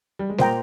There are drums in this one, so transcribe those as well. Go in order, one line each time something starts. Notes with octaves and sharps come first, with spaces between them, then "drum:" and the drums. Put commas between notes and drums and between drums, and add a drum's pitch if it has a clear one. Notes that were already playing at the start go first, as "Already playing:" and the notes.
G3
G#3
A#2 A#3 C5 D#5 G5 A#5, drum: snare G3